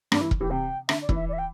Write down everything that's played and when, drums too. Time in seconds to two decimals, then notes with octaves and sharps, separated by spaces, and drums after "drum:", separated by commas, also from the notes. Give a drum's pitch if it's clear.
0.12 G2 D4, drum: rim click
0.21 E3 E4
0.31 drum: kick E1
0.40 E3 G4
0.50 C3 G5
0.89 D3 E5, drum: rim click
1.02 D5
1.09 E3, drum: kick E1
1.16 E5
1.29 D5
1.33 E5
1.38 G5